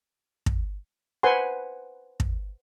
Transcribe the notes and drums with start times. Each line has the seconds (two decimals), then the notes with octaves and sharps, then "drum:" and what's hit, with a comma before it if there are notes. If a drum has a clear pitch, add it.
0.46 drum: kick
1.23 B4 C5 F#5 G#5 C6
2.20 drum: kick